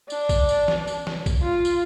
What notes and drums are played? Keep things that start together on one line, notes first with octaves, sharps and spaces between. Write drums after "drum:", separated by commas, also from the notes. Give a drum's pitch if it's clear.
D4, drum: tambourine
drum: kick, tambourine
drum: tambourine
drum: snare
drum: tambourine
drum: snare
drum: kick, tambourine
F4
drum: tambourine